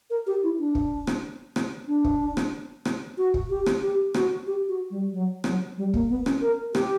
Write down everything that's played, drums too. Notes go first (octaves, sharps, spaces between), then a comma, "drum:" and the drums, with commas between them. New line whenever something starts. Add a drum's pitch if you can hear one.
A#4
G4
E4
D4
drum: kick
drum: rim click
drum: rim click
D4
drum: kick
drum: rim click
drum: rim click
F#4
drum: kick
G4
drum: rim click
G4
F#4, drum: rim click
G4
F#4
G3
F#3
F#3, drum: rim click
G3
A#3, drum: kick
B3
C#4, drum: rim click
A#4
G4, drum: rim click